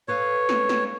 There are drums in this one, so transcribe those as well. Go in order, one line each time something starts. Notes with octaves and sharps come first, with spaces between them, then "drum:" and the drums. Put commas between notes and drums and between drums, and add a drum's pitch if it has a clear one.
A4 B4 C#5 F5
drum: snare
drum: snare